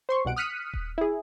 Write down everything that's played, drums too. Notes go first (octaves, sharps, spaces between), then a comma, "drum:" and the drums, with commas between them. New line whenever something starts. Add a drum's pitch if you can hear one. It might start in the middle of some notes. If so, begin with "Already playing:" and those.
C5 C6 C#6
C2 B2 F#5 D7
D#6 F6 F#6 B6 C#7 D#7
drum: kick D#1
E4 G#4